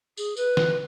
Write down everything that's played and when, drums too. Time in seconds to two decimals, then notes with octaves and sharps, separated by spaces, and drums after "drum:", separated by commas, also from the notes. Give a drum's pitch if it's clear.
0.17 G#4, drum: tambourine
0.37 B4, drum: tambourine
0.57 drum: snare